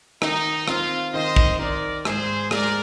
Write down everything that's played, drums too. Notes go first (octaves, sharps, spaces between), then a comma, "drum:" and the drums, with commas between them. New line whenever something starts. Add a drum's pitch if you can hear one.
D#3 D#4, drum: rim click
C4 F4, drum: rim click
D#3 C5 D#5
drum: kick
D#4 A#4 D5
G#2 G#4 C5, drum: rim click
G#3 A#4 D5, drum: rim click